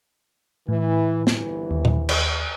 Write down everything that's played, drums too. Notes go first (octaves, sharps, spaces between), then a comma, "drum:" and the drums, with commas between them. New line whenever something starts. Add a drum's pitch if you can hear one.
A2 E3
G1 C2 E3, drum: snare
D#2
drum: tom A#2
drum: cymbal